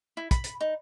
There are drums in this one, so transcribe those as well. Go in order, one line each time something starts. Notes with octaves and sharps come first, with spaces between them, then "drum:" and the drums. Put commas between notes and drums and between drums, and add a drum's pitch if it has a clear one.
E4
B5, drum: kick, hi-hat
drum: hi-hat
D#4